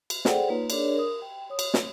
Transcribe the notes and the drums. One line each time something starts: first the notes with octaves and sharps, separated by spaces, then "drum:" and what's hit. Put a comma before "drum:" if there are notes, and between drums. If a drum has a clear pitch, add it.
drum: cymbal
G#4 A4 C5 D5 F#5 G5, drum: snare
A#3 D#4 F4 B4 C#5
D4 G#4 A#4 C#5 D5, drum: cymbal
A#4 D#6
G5
C#5 D#6
drum: cymbal
drum: snare